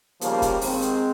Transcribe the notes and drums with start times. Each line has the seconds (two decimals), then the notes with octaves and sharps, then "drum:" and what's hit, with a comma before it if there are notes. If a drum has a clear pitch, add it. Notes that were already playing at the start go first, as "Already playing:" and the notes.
0.21 D#2 C#3 F3 G3 A#3, drum: hi-hat
0.42 drum: kick, hi-hat
0.61 G#2 D#3 G#3 C4, drum: open hi-hat
0.82 drum: hi-hat